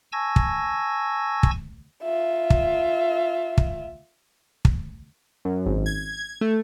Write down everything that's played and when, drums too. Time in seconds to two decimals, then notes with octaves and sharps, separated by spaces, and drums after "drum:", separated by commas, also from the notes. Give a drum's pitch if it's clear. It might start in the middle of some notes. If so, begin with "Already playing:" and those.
0.12 G#5 A5 C#6 E6 G#6 A#6
0.36 drum: kick
1.43 drum: kick
2.03 F4 E5
2.50 drum: kick
3.58 drum: kick
4.65 drum: kick
5.45 F#2
5.66 G#1
5.86 G#6
6.41 A3